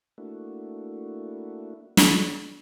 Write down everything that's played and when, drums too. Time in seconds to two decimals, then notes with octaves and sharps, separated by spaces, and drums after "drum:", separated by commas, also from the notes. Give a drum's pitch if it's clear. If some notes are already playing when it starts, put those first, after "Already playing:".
0.18 A3 A#3 D4 E4 F#4
1.97 drum: snare